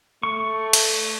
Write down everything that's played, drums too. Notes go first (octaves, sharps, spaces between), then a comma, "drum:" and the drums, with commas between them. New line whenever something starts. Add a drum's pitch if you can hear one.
A3 C#6
drum: cymbal